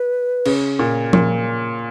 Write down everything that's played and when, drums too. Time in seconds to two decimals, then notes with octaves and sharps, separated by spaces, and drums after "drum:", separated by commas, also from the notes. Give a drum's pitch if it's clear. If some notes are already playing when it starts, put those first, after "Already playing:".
Already playing: B4
0.46 C#3, drum: cymbal
0.79 A#2
1.13 A#2, drum: tom F3